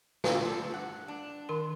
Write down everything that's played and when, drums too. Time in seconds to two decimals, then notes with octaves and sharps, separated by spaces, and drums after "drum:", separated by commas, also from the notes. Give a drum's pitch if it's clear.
0.24 A2 D3 F4 F5, drum: snare
0.45 G3 C4 A4
0.70 G2 F#5
1.08 D4
1.49 D#3 A#4 C6